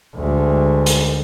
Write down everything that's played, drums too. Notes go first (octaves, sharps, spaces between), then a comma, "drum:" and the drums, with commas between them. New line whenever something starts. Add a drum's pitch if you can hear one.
D2 G#3
drum: hi-hat